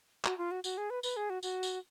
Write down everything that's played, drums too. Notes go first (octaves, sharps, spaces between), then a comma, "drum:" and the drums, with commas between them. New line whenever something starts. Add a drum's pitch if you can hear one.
F#4, drum: clap
F4
F#4
F#4, drum: tambourine
G#4
B4
B4, drum: tambourine
G#4
F#4
F#4, drum: tambourine
drum: tambourine